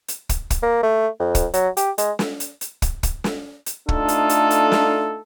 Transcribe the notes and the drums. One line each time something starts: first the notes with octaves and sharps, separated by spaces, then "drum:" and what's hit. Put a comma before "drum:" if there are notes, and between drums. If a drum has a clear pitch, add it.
drum: hi-hat
drum: kick, hi-hat
drum: kick, hi-hat
A#3
A3
F2
drum: kick, hi-hat
F#3, drum: hi-hat
G4, drum: hi-hat
G#3, drum: hi-hat
drum: snare
drum: hi-hat
drum: hi-hat
drum: kick, hi-hat
drum: kick, hi-hat
drum: snare
drum: hi-hat
A3 D4 D#4 F4 A4, drum: kick
drum: hi-hat
drum: hi-hat
drum: hi-hat
drum: snare